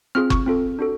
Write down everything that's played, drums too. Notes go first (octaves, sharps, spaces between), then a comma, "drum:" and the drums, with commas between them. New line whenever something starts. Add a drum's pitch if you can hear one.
C4 F4 G#4 F6
C#6, drum: kick F#1
C4 F4 A4
D4 F#4 A4